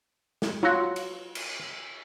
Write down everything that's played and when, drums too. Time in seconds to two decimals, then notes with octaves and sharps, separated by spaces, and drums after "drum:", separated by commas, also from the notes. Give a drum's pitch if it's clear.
0.42 drum: snare
0.63 F#3 F4 F#4
0.96 drum: cymbal
1.35 drum: cymbal